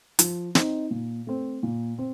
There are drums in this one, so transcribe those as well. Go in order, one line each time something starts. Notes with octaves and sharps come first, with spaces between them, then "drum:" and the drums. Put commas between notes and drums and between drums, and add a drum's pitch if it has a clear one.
F3, drum: hi-hat
C4 D#4, drum: snare
A#2
A3 C4
A#2
C4